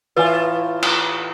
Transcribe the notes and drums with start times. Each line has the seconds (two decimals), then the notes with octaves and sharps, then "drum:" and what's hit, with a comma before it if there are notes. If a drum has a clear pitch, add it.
0.16 A2 E3 F4 B4 G#5
0.82 drum: cymbal